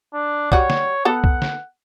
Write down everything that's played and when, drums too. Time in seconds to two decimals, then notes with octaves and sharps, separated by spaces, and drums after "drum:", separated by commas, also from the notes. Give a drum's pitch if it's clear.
0.14 D4
0.52 G3 F#4 C#5, drum: kick B1
0.70 drum: snare
1.05 B3 A4 F#5 A#5
1.24 drum: kick B1
1.42 drum: snare